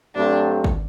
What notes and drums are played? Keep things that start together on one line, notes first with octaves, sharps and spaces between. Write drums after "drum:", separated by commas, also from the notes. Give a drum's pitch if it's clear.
G2 F#3 A3 C4 D4
drum: kick